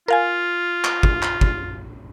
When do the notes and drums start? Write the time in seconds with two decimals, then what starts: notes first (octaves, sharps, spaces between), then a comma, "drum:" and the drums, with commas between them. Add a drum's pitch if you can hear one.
0.08 F4 A#4 F5 G#5
0.84 drum: clap
1.03 drum: kick
1.22 drum: clap
1.41 drum: kick